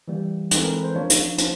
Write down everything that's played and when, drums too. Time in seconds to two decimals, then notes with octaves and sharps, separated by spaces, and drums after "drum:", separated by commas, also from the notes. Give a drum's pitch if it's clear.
0.08 E3 G3 A#3
0.51 E3 G#3 C4 A4, drum: hi-hat
0.64 A#4
0.74 B4
0.84 C5
0.95 F3 A#3 D4 C#5
1.10 drum: hi-hat
1.38 F3 A#3 C#4, drum: hi-hat